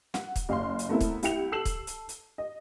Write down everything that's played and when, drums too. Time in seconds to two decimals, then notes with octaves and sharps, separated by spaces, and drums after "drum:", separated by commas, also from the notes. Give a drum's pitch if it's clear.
0.14 F#5, drum: snare
0.36 drum: kick, hi-hat
0.49 F#1 F5 C6
0.79 drum: hi-hat
0.89 A3 B3 C4 E4 A#4
1.01 drum: kick, hi-hat
1.23 C2 E4 G5 C#7 F7, drum: hi-hat
1.52 A4 E6 C7 E7 F#7
1.65 drum: kick, hi-hat
1.87 drum: hi-hat
2.09 drum: hi-hat
2.38 D#5